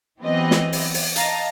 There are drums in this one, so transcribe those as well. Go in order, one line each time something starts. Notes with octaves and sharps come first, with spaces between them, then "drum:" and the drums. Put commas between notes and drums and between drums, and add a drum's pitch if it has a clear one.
E3 F#3 B3 C4 G4 D#5
drum: snare
drum: open hi-hat
drum: open hi-hat
D#5 F5 A5 A#5, drum: hi-hat